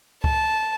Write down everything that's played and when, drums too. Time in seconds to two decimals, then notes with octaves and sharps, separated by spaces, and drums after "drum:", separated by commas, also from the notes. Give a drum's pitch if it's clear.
0.24 A5, drum: kick C#2